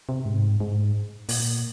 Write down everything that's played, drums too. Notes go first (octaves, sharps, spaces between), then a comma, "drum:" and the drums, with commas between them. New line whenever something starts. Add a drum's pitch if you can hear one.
C3
G#2
G#2
A#2, drum: open hi-hat